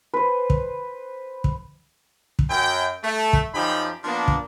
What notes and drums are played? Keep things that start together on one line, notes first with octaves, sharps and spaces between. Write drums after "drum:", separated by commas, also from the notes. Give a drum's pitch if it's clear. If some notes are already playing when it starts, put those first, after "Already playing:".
B4 C5
drum: kick
drum: kick
drum: kick
F#2 G5
A3
drum: kick
F#2 F3 D#4 G4 G5 B5
F3 A#3 B3 D4
drum: kick